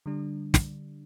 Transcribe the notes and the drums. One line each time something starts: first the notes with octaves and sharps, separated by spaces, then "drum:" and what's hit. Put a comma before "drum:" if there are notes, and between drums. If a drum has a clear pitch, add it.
D3 G3 D4
drum: snare